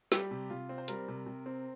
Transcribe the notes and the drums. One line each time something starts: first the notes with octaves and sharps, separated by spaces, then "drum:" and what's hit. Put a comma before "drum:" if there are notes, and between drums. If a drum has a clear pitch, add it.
G3 G4, drum: snare
C3
C3 F4
C4
C5
G3 A#4, drum: hi-hat
C3
C3
C4